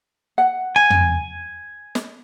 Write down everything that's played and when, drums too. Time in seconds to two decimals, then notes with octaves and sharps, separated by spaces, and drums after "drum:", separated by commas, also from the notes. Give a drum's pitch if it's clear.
0.38 F#5
0.76 G#5
0.90 drum: tom
1.95 drum: snare